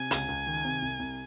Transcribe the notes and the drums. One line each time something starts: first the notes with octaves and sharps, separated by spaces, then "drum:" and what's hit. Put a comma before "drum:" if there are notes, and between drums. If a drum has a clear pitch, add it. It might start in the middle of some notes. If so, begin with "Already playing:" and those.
Already playing: C3 G#5
C#2, drum: hi-hat
C#2
D#3
C3
C2
C2